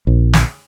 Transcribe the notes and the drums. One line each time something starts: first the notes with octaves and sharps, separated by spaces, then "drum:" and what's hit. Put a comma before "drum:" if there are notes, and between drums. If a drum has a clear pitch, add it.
A#1
drum: snare